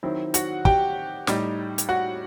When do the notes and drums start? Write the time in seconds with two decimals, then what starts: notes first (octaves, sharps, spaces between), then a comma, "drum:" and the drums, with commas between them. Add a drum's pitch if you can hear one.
0.03 D#3 F#3 C4 E4
0.34 F#4 F#5, drum: hi-hat
0.65 G4 G5, drum: kick
1.27 A2 G3 D#4, drum: snare
1.78 drum: hi-hat
1.89 F#4 F#5